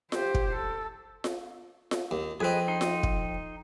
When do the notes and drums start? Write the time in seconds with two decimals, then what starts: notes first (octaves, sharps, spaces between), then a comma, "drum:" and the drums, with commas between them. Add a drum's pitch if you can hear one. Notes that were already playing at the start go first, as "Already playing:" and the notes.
0.12 G4 C5, drum: snare F4
0.34 drum: kick
0.55 A4
1.24 drum: snare F4
1.91 drum: snare F4
2.11 D#2
2.41 F2 C4 G#4 B4 D#5
2.68 D#4 C6
2.81 drum: snare F4
3.03 drum: kick